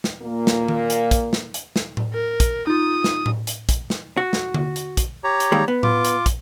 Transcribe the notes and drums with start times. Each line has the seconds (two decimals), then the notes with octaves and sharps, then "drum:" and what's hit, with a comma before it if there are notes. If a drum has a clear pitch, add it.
0.04 drum: snare
0.21 A#2 A#3
0.47 drum: snare
0.68 drum: tom D#3
0.90 drum: hi-hat
1.11 drum: kick, hi-hat
1.33 drum: snare
1.54 drum: hi-hat
1.76 drum: snare
1.97 drum: tom A2
2.13 A#4
2.40 drum: kick, hi-hat
2.67 D#4 F4 D#6
3.04 drum: snare
3.26 drum: tom A2
3.47 drum: hi-hat
3.69 drum: kick, hi-hat
3.90 drum: snare
4.17 F#4
4.33 drum: snare
4.54 drum: tom D3
4.76 drum: hi-hat
4.97 drum: kick, hi-hat
5.24 G4 C#5 A#5
5.40 drum: hi-hat
5.52 D#2 G3 G#3
5.68 B3
5.83 F4 D6, drum: tom A2
6.05 drum: hi-hat
6.26 drum: kick, hi-hat